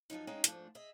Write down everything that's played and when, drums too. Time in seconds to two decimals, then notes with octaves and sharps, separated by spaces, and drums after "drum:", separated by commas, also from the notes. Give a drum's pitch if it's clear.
0.10 F#2 F3 F#3 D#4
0.27 G#3 C#4 D#4 G#4 F5 G5
0.44 G#2 D3 F3 A3 D4, drum: hi-hat
0.75 G#4 D#5 E5